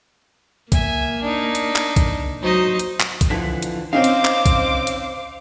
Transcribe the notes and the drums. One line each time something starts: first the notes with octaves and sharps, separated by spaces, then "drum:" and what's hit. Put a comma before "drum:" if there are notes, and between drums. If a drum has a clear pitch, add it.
A#3 E5 G#5, drum: kick B1, hi-hat
D4 D#4
drum: hi-hat
drum: clap
drum: kick B1, hi-hat
F#3 D#4 C5 D#5
drum: hi-hat
drum: clap
drum: kick B1, hi-hat
D3 E3 F3 B6
drum: hi-hat
C4 C#4 D#4 C5 F5 D6
drum: hi-hat
drum: clap
drum: kick B1, hi-hat
drum: hi-hat